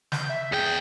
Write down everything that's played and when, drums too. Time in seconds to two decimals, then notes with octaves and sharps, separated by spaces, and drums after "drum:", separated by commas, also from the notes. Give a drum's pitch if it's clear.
0.12 G6, drum: snare
0.30 E5
0.52 E2 G#4 G5